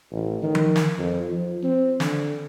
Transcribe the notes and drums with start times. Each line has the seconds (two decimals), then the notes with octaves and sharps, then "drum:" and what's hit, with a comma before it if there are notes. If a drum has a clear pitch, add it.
0.12 A1
0.43 D#3
0.55 drum: tom F3
0.76 drum: snare
0.99 F2
1.29 F3
1.63 C4
2.00 D3, drum: snare